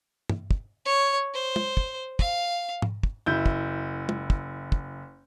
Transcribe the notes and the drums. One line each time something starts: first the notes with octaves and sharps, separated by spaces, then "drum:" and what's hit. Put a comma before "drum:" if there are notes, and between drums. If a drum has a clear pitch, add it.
drum: tom
drum: kick
C#5
C5
drum: tom
drum: kick
F5, drum: kick
drum: tom G#2
drum: kick
F#1 E4 G6
drum: kick
drum: tom
drum: kick
drum: kick